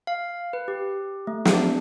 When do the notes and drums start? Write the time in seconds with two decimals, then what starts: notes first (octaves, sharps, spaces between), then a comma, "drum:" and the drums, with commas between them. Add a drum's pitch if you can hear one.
0.07 F5
0.53 B4
0.68 G4
1.27 A3
1.45 D4, drum: snare